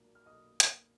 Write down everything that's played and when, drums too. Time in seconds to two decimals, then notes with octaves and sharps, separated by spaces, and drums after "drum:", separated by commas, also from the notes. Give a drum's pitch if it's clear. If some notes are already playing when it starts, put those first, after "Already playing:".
Already playing: B1 A#2 F#3 A#3
0.15 F6
0.26 B1 D#5 D#6
0.60 drum: hi-hat